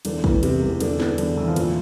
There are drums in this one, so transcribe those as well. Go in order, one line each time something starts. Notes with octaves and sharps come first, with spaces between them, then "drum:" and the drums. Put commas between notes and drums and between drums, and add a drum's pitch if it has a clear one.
E1 D3, drum: cymbal
E3, drum: kick
E2 C3, drum: cymbal
E1
E1 D3, drum: cymbal
E2 D3, drum: snare
E1 D3, drum: cymbal
E1 E3
F3
A#2 E3, drum: cymbal